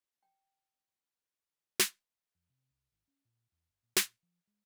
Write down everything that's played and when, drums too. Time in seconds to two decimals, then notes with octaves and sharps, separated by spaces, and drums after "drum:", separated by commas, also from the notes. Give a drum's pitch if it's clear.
0.23 G5
1.79 drum: snare
2.35 F2
2.49 C3
2.70 C2
2.92 G#1
3.08 C#4
3.25 A#2
3.52 E2
3.68 G1
3.83 A#2
3.96 A#2, drum: snare
4.23 F3
4.47 G#3